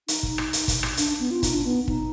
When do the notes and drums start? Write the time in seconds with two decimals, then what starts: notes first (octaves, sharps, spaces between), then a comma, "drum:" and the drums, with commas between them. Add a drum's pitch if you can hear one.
0.08 D#4, drum: hi-hat
0.23 drum: kick
0.38 drum: rim click
0.53 drum: hi-hat
0.68 drum: kick, hi-hat
0.83 drum: rim click
0.97 D4, drum: hi-hat
1.20 B3
1.31 F4
1.43 D#4, drum: kick, hi-hat
1.53 D4
1.65 B3
1.88 D#4, drum: kick